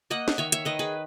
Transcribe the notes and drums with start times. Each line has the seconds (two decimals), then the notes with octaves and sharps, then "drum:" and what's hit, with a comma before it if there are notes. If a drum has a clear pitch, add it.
0.10 A#3 D#5 F#5
0.28 drum: snare
0.38 D#3 C#5 E5
0.52 C#5 E5, drum: hi-hat
0.65 D#3 B4 D#5
0.79 G#4 B4